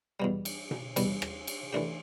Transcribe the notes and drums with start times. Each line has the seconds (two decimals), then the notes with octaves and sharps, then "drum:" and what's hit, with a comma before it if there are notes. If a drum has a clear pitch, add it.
0.20 E2 B2 G3
0.45 drum: cymbal
0.71 drum: tom B2
0.96 E2 B2 G3, drum: cymbal
1.22 drum: rim click
1.47 drum: cymbal
1.73 E3 A3 D4 G4